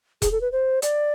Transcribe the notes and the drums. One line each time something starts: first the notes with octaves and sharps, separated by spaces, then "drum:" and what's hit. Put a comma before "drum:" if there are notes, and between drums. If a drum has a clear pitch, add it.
G#4, drum: kick E1, hi-hat
A4
B4
C5
D5, drum: hi-hat